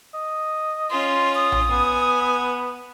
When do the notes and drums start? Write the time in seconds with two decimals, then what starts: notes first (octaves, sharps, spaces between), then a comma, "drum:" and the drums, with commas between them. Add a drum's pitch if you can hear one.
0.14 D#5
0.90 C#4 F4 C6
1.35 D#6
1.52 drum: tom A#1
1.71 B3 G#5